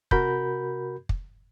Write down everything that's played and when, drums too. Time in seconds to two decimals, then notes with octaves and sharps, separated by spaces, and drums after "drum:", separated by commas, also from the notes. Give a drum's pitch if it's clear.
0.11 C3 F#4 A#4 B5 G6, drum: kick
1.09 drum: kick